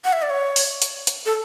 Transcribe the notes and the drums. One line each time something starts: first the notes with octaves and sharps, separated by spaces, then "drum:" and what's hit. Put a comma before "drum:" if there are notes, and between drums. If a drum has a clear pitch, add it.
F#5
E5
D5
C#5
drum: open hi-hat
drum: hi-hat
drum: hi-hat
A4